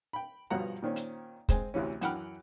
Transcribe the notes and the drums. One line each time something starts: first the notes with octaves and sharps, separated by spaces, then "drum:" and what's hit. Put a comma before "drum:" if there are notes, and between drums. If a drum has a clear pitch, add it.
G5 B5
G2 B2 F3 C#5 F#5 A#5
A#2 D#3 C4 C#4
drum: hi-hat
G#3 C4 G#5, drum: kick, hi-hat
D2 C3 E3 C#4
F#2 E3 F#5 G5 B5 F6, drum: hi-hat